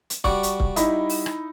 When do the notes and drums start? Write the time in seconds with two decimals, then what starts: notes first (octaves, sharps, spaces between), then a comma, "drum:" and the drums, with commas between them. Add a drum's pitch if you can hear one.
0.10 drum: hi-hat
0.24 G3 F#4 D5 C#6, drum: kick C#1
0.43 drum: hi-hat
0.60 drum: kick C#1
0.76 D#4 E4 B5, drum: hi-hat
1.09 drum: open hi-hat
1.26 drum: rim click